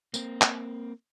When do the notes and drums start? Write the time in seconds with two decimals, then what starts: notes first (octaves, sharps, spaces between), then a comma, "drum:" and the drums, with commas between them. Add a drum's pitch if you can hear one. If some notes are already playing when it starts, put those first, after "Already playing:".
0.14 A#3 C4, drum: tambourine
0.42 drum: clap